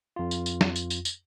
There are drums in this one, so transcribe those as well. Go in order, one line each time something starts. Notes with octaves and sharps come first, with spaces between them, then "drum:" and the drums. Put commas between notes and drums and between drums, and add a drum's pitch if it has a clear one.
F2 F4
drum: tambourine
drum: tambourine
drum: snare
drum: tambourine
drum: tambourine
drum: tambourine